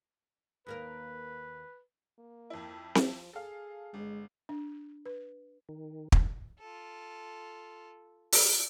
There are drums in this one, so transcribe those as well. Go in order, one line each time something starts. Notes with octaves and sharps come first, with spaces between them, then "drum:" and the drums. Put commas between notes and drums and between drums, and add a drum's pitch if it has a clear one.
D#2 A#3 A#4 B4
A#3
F2 E4
F3, drum: snare C4
G#4 A4 F5
G1 G#3
D4
B4
D#3
drum: kick
F4 A4
drum: open hi-hat